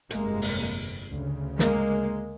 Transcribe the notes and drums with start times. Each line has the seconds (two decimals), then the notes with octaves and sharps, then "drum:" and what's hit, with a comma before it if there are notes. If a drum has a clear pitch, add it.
0.11 G1 F2 C3 G#3 A#3, drum: hi-hat
0.42 drum: open hi-hat
1.09 D2 C#3
1.59 G#3 A#3, drum: snare